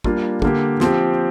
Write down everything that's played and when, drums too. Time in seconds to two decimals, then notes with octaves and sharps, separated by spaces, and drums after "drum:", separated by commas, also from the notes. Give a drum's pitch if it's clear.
0.04 G3 A#3 D4 F4, drum: kick
0.42 D3 A#3 G4, drum: kick
0.80 F3 C4 G4, drum: snare